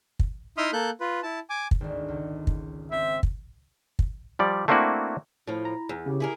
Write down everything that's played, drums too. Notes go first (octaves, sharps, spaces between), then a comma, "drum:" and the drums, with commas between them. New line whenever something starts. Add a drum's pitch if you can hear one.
drum: kick
D#4 E4 E5 C6 D#6 F6
A#3 A4 F#6 G6
F4 B4
E4 A5
G#5 D6
drum: kick
G#1 D2
C#2
drum: kick
C4 E5
drum: kick
drum: kick
F3 G3 D5
A3 A#3 C4 D4 E4 F#4
A2 F3 E4
A#5
E2
C#3 G4
E4 G#4 A#4